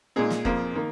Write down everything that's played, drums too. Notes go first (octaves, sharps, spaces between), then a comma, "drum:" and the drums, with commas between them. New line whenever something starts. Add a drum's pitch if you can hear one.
A#2 G#3 D#4 G#4
drum: snare
F2 F3 A#3, drum: kick F1
D#3 A#3